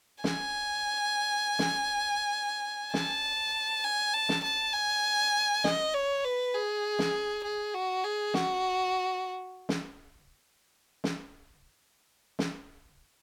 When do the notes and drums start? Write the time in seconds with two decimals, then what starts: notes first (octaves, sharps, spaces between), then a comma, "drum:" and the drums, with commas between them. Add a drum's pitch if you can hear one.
0.24 G#5, drum: snare
1.59 drum: snare
2.94 A5, drum: snare
3.84 G#5
4.14 A5
4.29 drum: snare
4.44 A5
4.74 G#5
5.64 D#5, drum: snare
5.94 C#5
6.24 B4
6.54 G#4
6.99 drum: snare
7.44 G#4
7.74 F#4
8.04 G#4
8.34 F#4, drum: snare
9.69 drum: snare
11.04 drum: snare
12.39 drum: snare